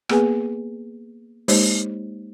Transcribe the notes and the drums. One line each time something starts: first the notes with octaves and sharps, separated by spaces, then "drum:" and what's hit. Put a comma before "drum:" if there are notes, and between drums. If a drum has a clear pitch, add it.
A#3 B3 G#4 B4 G#5, drum: rim click
G#3 A#3 D#4 G4 C5 C#5, drum: open hi-hat